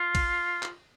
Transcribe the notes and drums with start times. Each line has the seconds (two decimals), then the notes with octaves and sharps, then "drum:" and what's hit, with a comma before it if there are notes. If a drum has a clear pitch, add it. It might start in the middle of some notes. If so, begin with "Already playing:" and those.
Already playing: F4
0.15 drum: kick, cymbal
0.63 drum: clap